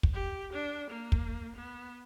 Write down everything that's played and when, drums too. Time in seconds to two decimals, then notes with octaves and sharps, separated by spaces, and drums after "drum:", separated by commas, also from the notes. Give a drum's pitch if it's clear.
0.03 drum: kick
0.14 G4
0.53 D4
0.90 A#3
1.12 drum: kick
1.56 B3